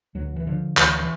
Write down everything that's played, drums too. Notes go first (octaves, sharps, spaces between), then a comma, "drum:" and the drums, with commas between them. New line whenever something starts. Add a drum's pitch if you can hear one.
D2 F#3
E3
D3 F3
D2 E3, drum: clap
E3